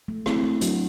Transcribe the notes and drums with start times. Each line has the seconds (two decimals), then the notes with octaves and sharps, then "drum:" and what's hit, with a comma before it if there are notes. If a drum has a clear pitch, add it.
0.08 A3
0.26 A3 C4 E4, drum: rim click
0.43 A3
0.61 F#3 D4 F#4, drum: hi-hat